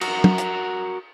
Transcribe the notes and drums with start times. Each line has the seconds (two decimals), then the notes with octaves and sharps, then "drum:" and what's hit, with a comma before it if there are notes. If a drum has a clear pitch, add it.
0.01 F#4 A#4, drum: cymbal
0.24 drum: tom
0.38 drum: hi-hat